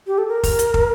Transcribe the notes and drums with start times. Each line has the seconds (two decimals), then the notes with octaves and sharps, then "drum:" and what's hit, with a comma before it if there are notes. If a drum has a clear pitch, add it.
0.07 G4
0.18 A4
0.28 A#4
0.43 drum: kick, open hi-hat
0.59 drum: hi-hat
0.74 drum: kick